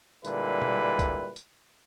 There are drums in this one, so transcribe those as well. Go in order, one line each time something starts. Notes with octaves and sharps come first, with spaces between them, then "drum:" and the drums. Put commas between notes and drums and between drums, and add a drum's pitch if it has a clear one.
A#2 D3 G3 G#3 E4 B4, drum: tambourine
drum: tom
drum: kick, tambourine
drum: tambourine